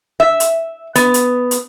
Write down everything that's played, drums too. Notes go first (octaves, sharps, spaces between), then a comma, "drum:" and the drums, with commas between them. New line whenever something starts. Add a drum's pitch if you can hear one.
E5
drum: hi-hat
B3, drum: hi-hat
drum: hi-hat
drum: hi-hat